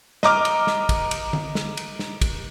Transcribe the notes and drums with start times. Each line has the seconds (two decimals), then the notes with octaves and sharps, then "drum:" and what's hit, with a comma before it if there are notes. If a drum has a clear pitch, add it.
0.23 D#5 A#5 D6 F6, drum: snare
0.45 drum: cymbal
0.67 drum: snare
0.89 drum: kick, cymbal
1.11 drum: cymbal
1.33 drum: tom D3
1.55 drum: snare
1.77 drum: cymbal
1.99 drum: snare
2.21 drum: kick, cymbal